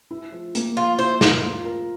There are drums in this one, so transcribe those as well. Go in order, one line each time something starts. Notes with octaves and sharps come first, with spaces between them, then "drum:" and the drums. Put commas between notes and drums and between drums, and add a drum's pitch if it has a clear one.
E4
F3
A#3, drum: hi-hat
F3 F4
E4 C5
F3 A#4, drum: snare
F4
A#4